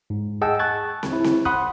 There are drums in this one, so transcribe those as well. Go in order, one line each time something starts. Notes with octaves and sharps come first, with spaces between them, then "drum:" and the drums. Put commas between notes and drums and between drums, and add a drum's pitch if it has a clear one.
G#2
G#4 D#5 F#5 G5 A5 E6
A5 C#6 F#6 G#6 A6
drum: snare
E4
drum: snare
F#5 B5 C6 D#6 F#6, drum: kick